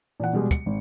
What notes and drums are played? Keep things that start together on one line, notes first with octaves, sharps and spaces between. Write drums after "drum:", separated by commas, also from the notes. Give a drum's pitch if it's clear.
A#2 E3 F#5
B2 G3 G#3
C#7, drum: kick, hi-hat
G#1